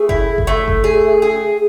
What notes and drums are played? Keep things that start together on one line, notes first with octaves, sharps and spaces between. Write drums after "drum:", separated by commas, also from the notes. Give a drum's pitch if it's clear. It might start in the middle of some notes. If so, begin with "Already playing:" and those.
Already playing: A3 G#4
E4, drum: kick F#1
drum: kick F#1
A3
drum: kick F#1
G#4
G#4